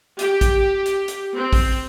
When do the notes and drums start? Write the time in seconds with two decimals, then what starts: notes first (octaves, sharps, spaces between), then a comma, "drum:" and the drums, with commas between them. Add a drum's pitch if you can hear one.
0.19 G4, drum: hi-hat
0.41 drum: kick, hi-hat
0.86 drum: hi-hat
1.08 drum: hi-hat
1.36 C4
1.53 drum: kick, open hi-hat